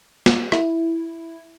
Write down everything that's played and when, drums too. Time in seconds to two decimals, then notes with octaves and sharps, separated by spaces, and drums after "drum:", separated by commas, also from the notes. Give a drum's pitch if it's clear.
0.26 drum: snare
0.52 E4, drum: rim click